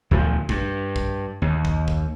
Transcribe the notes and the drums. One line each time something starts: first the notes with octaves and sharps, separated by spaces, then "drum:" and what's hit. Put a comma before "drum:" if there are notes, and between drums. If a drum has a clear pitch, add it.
D2 A#2 F3
G2, drum: kick
drum: kick
D#2
drum: kick
drum: kick